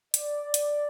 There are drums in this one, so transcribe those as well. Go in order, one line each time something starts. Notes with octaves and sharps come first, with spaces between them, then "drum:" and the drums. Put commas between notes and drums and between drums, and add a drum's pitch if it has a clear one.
D5, drum: hi-hat
drum: hi-hat